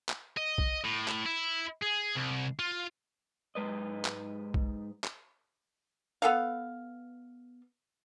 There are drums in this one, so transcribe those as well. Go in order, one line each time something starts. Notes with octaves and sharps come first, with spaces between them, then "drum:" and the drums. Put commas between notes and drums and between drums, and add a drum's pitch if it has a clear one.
drum: clap
D#5
drum: kick B1
A2
drum: clap
E4
G#4
C2
F4
G#2 G#3 B4 D#5
drum: clap
drum: kick B1
drum: clap
B3 A4 F5